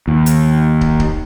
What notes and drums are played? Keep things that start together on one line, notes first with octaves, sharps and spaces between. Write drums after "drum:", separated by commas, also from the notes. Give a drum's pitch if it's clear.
D#2
drum: hi-hat
drum: kick
drum: kick